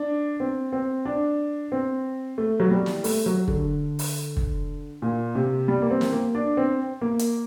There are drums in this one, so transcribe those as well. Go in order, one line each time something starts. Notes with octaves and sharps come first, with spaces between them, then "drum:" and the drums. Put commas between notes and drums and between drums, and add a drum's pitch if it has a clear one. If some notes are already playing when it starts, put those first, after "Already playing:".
Already playing: D4
C4
C4
D4
C4
A3
F#3
G3
drum: snare
A3, drum: open hi-hat
F#3
D3, drum: kick
drum: open hi-hat
drum: kick
A#2
C3
G3
A#3
C4
drum: snare
A#3
D4
C4
A#3
drum: hi-hat